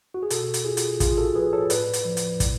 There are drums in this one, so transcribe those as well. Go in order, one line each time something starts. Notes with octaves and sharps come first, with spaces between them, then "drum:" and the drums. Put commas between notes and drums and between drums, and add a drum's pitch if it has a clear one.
F#4
G#4
B2 F#4 A4, drum: hi-hat
drum: hi-hat
F4 G#4
drum: hi-hat
A2 F4 G#4, drum: kick, hi-hat
F#4 A4
F3 G#4 B4
A4 C#5
A2 B4 D5, drum: hi-hat
drum: hi-hat
F3
drum: hi-hat
A2, drum: kick, hi-hat